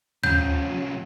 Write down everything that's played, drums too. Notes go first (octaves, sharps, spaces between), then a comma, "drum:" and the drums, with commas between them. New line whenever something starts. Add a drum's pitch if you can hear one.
C2 F3 C#4 G6, drum: tom